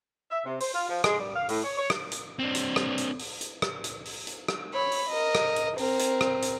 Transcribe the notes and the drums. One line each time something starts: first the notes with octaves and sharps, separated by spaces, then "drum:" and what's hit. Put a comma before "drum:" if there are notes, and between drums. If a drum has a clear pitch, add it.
E5
C3
C5, drum: open hi-hat
F4
F3
G#3, drum: rim click
G3
F5
A2, drum: open hi-hat
C#5
C#5
drum: rim click
drum: hi-hat
C4 D4
drum: hi-hat
drum: rim click
drum: hi-hat
drum: open hi-hat
drum: hi-hat
drum: rim click
drum: hi-hat
drum: open hi-hat
drum: hi-hat
drum: rim click
C#5 B5
drum: open hi-hat
A#4 D#5
drum: rim click
drum: hi-hat
C4 A#4, drum: open hi-hat
drum: hi-hat
drum: rim click
drum: hi-hat